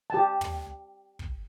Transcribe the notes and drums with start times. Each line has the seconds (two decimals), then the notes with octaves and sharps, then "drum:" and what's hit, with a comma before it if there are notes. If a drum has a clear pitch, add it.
0.10 G4 A5
0.41 drum: tom
1.19 drum: kick